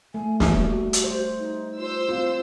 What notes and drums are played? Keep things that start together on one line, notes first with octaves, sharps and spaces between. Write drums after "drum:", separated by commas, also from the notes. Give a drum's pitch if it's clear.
A3 G#5
drum: snare
G3 F#4
drum: hi-hat
C5
D#4
F4 C5 E6
C4 F4